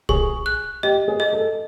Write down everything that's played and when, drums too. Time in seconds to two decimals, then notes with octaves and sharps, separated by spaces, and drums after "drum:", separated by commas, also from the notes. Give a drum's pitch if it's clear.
0.09 G#4 C#6, drum: kick
0.46 F#6
0.83 G4 D#5
1.08 G#4
1.20 D#5
1.33 A4